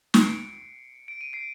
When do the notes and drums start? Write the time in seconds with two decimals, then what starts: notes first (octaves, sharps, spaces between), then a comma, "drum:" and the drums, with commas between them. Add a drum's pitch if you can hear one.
0.14 C#7, drum: snare
0.21 C7 D7
1.08 D7
1.21 D#7
1.33 C7 D7